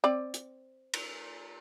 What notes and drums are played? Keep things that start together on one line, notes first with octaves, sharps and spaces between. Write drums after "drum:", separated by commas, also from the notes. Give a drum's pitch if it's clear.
C4 D5
drum: hi-hat
drum: cymbal